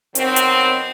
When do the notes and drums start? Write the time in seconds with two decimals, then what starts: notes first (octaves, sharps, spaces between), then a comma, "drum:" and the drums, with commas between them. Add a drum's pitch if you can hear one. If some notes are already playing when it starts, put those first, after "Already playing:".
0.15 B2 D#3 F#3 C4, drum: hi-hat
0.36 drum: hi-hat